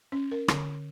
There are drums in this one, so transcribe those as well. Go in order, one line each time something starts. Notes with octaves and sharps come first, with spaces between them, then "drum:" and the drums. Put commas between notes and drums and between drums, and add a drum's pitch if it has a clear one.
C#4
A#4
D3, drum: rim click